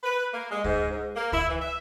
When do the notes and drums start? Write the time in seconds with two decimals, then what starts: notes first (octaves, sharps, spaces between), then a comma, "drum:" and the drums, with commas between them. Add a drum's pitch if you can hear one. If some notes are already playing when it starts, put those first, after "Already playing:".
0.03 B4
0.33 A#3
0.50 G#3
0.64 G#2, drum: kick
0.91 G#2
1.15 A#3
1.32 E4, drum: kick
1.49 E3
1.61 E5